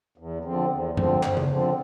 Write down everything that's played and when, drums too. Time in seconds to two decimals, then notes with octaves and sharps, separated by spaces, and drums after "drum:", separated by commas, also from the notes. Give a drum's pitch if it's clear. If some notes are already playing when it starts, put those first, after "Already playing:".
0.18 E2
0.45 D3 F3 C4
0.70 E2
0.97 D3 F3 C4, drum: tom F#2
1.23 E2, drum: clap
1.37 drum: tom C#3
1.49 D3 F3 C4